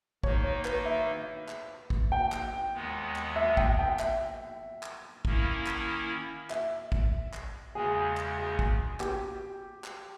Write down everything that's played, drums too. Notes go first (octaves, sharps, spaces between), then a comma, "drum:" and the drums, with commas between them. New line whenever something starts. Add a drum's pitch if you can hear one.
D#3 A#3 D#4 C#5, drum: kick
C#5
B4, drum: clap
E5
drum: clap
drum: kick
G5
drum: clap
D#2 D#3 G#3 B3
drum: clap
E5
G5, drum: kick
G5
E5, drum: clap
drum: clap
D#3 A#3 C#4 E4, drum: kick
drum: clap
E5, drum: clap
drum: kick
drum: clap
E2 C#3 G#3 G#4
drum: clap
G#4
drum: kick
G4, drum: clap
drum: clap